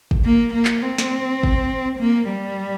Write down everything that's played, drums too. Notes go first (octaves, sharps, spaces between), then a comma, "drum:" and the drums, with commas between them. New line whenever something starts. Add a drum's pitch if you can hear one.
drum: kick
A#3
A#3
drum: clap
C4
drum: snare
drum: kick
A#3
G3